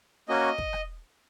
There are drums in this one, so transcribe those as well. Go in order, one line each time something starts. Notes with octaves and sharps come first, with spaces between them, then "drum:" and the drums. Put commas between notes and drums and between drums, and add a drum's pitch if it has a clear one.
A#3 C#4 F#4 D#5
drum: kick
drum: rim click